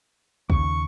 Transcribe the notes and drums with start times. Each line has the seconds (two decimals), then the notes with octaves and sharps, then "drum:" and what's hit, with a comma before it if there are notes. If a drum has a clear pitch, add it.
0.50 D#2 C#3 C#6, drum: kick